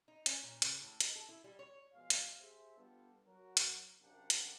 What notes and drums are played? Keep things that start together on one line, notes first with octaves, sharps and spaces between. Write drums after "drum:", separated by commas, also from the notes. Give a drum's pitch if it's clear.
D#4
C#4, drum: hi-hat
A#2
C#3, drum: hi-hat
A2
D#4, drum: hi-hat
A4
E4
G3
C#5
B2 F3 G#3 F5
drum: hi-hat
G4 G#4 C5 E5
G3 B3 D4 F4 G4 A4
F#3 F#4 A#4
drum: hi-hat
F#2 C3 A#3 D4 G4 F#5
drum: hi-hat